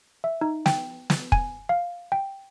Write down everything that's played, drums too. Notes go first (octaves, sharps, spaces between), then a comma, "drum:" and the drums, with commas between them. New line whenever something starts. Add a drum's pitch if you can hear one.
E5
D#4
G5, drum: snare
drum: snare
G#5, drum: kick
F5
G5